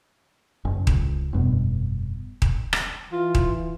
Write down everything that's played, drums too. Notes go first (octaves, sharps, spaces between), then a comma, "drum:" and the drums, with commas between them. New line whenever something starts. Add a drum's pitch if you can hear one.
F#1
C#2, drum: kick D#1
F1 G2 B2
drum: kick D#1
drum: rim click
E3 F4
drum: kick D#1